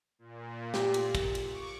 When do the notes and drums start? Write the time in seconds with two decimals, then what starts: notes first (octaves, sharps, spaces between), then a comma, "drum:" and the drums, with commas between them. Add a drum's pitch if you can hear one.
0.19 A#2
0.74 G4, drum: snare
0.94 drum: cymbal
1.15 drum: kick, cymbal
1.35 drum: cymbal
1.49 C#6 D6